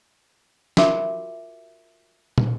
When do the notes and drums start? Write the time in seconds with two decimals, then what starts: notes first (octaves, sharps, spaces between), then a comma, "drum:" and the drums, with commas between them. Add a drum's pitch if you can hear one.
0.77 F4 F#4 A#4 E5 D6, drum: snare
2.38 drum: tom